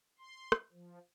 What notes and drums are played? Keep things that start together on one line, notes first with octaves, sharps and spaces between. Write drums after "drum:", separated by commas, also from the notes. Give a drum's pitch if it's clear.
C6
drum: rim click
F3